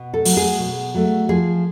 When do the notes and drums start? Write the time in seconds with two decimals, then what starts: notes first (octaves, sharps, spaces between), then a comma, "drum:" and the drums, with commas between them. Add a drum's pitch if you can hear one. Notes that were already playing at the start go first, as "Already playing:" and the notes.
Already playing: B2
0.14 A4
0.25 F#3 A3, drum: open hi-hat
0.37 G#4
0.59 B2
0.94 F#3 A3
1.29 F3 G#4